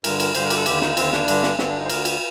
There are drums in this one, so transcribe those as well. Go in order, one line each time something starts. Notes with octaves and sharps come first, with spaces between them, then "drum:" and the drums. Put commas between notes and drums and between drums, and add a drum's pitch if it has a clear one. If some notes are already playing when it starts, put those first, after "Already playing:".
G2 D3 A#4, drum: cymbal
A#4, drum: cymbal
G2 D3 C5, drum: cymbal
A#4
G4, drum: cymbal
A4
D#2 D3 G4, drum: cymbal
D#4, drum: snare
D#2 D3 C4, drum: cymbal
D4, drum: snare
G2 D3, drum: cymbal
drum: snare
G2 D3 C4, drum: snare
D4
D#4
C5
D2 D3 A#4, drum: cymbal
drum: cymbal